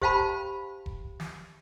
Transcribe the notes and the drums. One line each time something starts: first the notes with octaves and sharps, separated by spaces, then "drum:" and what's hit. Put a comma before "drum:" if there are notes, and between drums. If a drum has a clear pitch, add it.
G4 C5 F5 G5 A5 B5, drum: kick E1
drum: kick E1
drum: snare